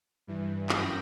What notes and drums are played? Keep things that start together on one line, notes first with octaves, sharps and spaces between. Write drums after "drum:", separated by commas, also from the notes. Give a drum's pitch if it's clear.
G2 E3
F#2 G5 B5 A#6, drum: clap